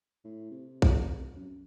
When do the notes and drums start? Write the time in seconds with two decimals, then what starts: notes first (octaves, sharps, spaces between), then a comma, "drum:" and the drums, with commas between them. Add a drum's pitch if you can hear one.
0.24 A2
0.51 C3
0.82 drum: kick
0.94 C3
1.36 F#2